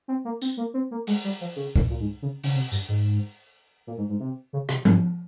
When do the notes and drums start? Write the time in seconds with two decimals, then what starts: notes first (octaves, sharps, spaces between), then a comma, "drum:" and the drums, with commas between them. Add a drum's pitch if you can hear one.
0.08 C4
0.25 A#3
0.42 C4, drum: tambourine
0.57 A#3
0.74 C4
0.91 A#3
1.07 G#3, drum: open hi-hat
1.24 G3
1.41 F3
1.56 C#3
1.76 drum: kick C#2
1.90 A#2
2.00 G#2
2.22 C#3
2.44 C#3, drum: open hi-hat
2.56 C3
2.72 G2, drum: tambourine
2.89 G#2
3.87 A#2
3.98 G#2
4.09 G#2
4.20 C3
4.53 C#3
4.69 C3, drum: rim click
4.85 G#2, drum: tom F3